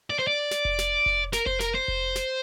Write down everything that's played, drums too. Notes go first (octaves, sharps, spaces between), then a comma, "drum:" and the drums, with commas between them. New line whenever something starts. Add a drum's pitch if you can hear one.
D5
C5
D5
drum: snare
drum: kick F1
drum: snare
drum: kick F1
A#4, drum: snare
C5, drum: kick F1
A#4, drum: snare
C5
drum: kick F1
drum: snare